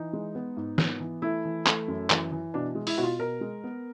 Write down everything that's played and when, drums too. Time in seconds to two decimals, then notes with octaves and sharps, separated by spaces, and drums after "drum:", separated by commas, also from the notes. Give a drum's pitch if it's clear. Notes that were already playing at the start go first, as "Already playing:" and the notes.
Already playing: E3 D#4
0.13 G#3
0.35 B3
0.57 G#2
0.78 B3, drum: snare
1.00 E3
1.22 A3 E4
1.45 E3
1.66 A3, drum: clap
1.88 F#2
2.10 E3, drum: clap
2.32 E3
2.54 B2 D4
2.75 G#3
2.87 E4, drum: open hi-hat
2.98 B2 F#4
3.03 F4
3.19 B2 A#4
3.41 G#3
3.64 B3